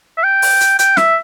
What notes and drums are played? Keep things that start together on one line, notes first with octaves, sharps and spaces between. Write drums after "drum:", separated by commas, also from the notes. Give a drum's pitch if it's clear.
E5
G5
drum: open hi-hat
drum: hi-hat
G5, drum: hi-hat
E5, drum: snare